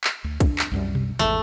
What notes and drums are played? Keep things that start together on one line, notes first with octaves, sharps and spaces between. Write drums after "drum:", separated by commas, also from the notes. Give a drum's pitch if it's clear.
drum: clap
D2
D4, drum: kick, hi-hat
drum: clap
C2 F#2 G3
drum: tom B2
G#1 E2 A3